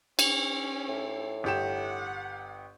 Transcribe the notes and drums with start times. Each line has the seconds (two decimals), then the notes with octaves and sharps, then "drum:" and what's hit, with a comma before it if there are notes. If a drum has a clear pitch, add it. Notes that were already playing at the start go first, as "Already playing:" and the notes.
0.19 C#4, drum: cymbal
0.89 A2
1.44 G1 G4 F#5 E7